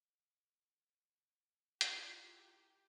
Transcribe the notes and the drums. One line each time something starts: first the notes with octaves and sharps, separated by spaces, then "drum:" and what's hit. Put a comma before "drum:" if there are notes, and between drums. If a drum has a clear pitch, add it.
E4 F4 G4 G#4 A#4, drum: hi-hat